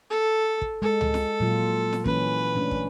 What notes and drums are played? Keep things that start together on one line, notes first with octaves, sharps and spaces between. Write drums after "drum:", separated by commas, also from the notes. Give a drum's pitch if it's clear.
A4
drum: kick
G#3 A4
drum: tom C#2
drum: snare
A#2 F#3 F4
drum: snare
E3 A#3 C#4 B4, drum: kick
A3 C#4 D4
drum: kick